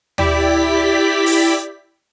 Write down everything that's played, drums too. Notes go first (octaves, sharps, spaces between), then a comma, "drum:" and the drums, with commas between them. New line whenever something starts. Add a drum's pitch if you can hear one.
E4 G4 D5 B6, drum: tom
drum: open hi-hat